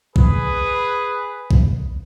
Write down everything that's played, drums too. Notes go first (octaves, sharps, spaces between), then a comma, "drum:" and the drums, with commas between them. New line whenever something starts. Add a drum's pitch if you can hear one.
G#4 B4, drum: kick B1
drum: kick B1